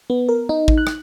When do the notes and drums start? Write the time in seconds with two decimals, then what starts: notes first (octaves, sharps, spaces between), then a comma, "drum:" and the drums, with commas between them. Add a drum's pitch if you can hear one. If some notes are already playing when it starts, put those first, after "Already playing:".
0.10 B3
0.29 A#4
0.49 D#4
0.68 drum: kick A1
0.78 F#6
0.87 drum: rim click